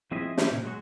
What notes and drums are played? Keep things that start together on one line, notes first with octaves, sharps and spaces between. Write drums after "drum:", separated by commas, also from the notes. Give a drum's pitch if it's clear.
F3 C4 E4 G#4 D#5 E5
E3 G4 C#5, drum: snare
A#2 C#3
F#3 G#3 F#4